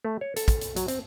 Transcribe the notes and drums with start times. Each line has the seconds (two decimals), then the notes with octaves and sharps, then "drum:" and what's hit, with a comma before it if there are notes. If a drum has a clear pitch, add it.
0.05 A3
0.21 C#5
0.36 A4, drum: hi-hat
0.48 drum: kick, hi-hat
0.61 drum: hi-hat
0.76 F#3, drum: hi-hat
0.88 C4, drum: hi-hat